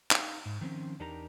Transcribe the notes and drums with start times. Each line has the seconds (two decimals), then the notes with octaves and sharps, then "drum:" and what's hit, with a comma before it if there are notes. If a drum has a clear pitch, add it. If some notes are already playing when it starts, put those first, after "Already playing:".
0.11 D#4 F5, drum: clap
0.46 G#2
0.61 D#3 F3 C4 C#4
0.99 E2 D4 D#4 G4 A#4 A#5